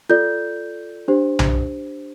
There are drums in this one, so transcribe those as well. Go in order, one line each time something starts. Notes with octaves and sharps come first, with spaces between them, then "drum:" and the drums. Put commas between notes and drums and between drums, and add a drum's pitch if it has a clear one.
F4 A4 D5 G6
D4 G4 C5
drum: tom B1